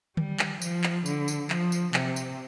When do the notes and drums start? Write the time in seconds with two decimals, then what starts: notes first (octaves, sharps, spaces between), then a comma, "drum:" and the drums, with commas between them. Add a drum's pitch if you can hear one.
0.17 G3, drum: tom D3
0.39 drum: clap
0.62 F3, drum: tambourine
0.84 drum: clap
1.06 D3, drum: tambourine
1.28 drum: tambourine
1.50 F3, drum: clap
1.72 drum: tambourine
1.94 C3, drum: clap
2.16 drum: tambourine